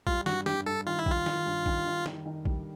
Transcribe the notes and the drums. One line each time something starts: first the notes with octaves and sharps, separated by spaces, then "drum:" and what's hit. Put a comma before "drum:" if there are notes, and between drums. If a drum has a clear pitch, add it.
G3 F4, drum: kick
G2 F#4, drum: snare
G2 G4, drum: snare
G2 A4
D#3 F4
E4
D#3 F4, drum: kick
D#3, drum: snare
G2
D#3, drum: kick
D#3
D#3, drum: snare
D#3
G3, drum: kick